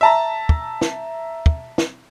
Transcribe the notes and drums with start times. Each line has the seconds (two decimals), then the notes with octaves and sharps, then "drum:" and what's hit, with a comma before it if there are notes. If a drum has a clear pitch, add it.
0.01 E5 A5 A#5
0.49 drum: kick
0.81 drum: snare
1.46 drum: kick
1.78 drum: snare